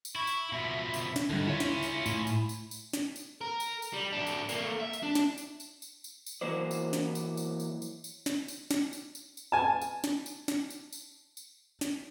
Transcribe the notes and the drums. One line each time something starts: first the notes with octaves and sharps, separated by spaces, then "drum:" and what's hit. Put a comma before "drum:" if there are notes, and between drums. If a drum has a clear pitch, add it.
drum: tambourine
E4 C#6
drum: tambourine
B2 F3 E5
drum: tambourine
drum: snare
D2 G#2 D3 G3
C#4 E4 F4 C#5 E5
drum: snare
drum: tambourine
A2 E4, drum: tambourine
drum: tambourine
drum: tambourine
drum: tambourine
drum: snare
drum: tambourine
A#4
drum: tambourine
drum: tambourine
G3
F#3 D4
drum: tambourine
A3 A#3, drum: tambourine
E5
drum: tambourine
D4
drum: snare
drum: tambourine
drum: tambourine
drum: tambourine
drum: tambourine
drum: tambourine
E3 F#3 A#3 B3 C5 D5
drum: tambourine
drum: snare
drum: tambourine
drum: tambourine
drum: tambourine
drum: tambourine
drum: tambourine
drum: snare
drum: tambourine
drum: snare
drum: tambourine
drum: tambourine
drum: tambourine
G#5 A5
drum: tambourine
drum: snare
drum: tambourine
drum: snare
drum: tambourine
drum: tambourine
drum: tambourine
drum: snare